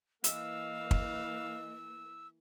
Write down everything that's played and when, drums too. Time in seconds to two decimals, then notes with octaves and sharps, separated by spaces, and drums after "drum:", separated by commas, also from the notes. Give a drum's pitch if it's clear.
0.24 E3 A#3 D#5 F5 E6, drum: hi-hat
0.91 drum: kick